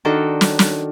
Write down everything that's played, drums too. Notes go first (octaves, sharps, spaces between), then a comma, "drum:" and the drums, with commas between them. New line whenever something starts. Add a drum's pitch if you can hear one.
D#3 D4 F#4 A4
drum: snare
drum: snare